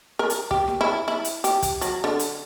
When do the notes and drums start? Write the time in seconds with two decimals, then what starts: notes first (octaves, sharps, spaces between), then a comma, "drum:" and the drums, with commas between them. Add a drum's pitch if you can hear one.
0.19 A#4
0.30 drum: hi-hat
0.51 G4, drum: kick
0.68 drum: snare
0.81 E4
1.08 E4, drum: snare
1.25 drum: hi-hat
1.44 G4, drum: hi-hat
1.62 drum: kick, hi-hat
1.81 F#3, drum: hi-hat
2.04 D3
2.19 drum: hi-hat